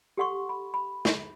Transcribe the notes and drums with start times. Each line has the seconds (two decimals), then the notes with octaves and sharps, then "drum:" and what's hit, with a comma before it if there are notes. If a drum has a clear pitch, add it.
0.17 G4 A4 F#5 C6 C#6
0.49 B5
0.74 B5
1.05 drum: snare